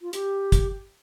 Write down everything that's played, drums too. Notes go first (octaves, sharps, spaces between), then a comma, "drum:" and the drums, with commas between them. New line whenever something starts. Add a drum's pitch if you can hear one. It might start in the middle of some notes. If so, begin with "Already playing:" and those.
F4
G4, drum: hi-hat
drum: kick, hi-hat